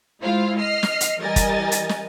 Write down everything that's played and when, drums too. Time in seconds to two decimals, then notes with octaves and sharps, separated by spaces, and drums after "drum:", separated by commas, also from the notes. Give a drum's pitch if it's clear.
0.21 G#3 E4 F4 C5 F5
0.58 D#5 F6 C7
0.83 drum: snare
1.00 drum: hi-hat
1.18 E3 G3 A#4 D#5 G#5 A6
1.36 drum: kick, hi-hat
1.72 drum: hi-hat
1.89 drum: snare